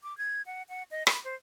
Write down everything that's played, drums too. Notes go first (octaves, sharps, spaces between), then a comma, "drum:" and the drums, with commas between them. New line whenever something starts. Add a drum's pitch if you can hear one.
D6
G#6
F#5
F#5
D#5
B5, drum: rim click
C5